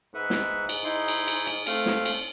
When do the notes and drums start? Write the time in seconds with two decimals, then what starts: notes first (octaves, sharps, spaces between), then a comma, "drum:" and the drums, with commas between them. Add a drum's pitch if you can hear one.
0.14 G#2 B4 E5 F#5
0.30 drum: snare
0.69 drum: cymbal
0.84 D#4 E4 C6
1.08 drum: cymbal
1.28 drum: cymbal
1.47 drum: cymbal
1.66 A3 C4 F5, drum: cymbal
1.86 drum: snare
2.05 drum: cymbal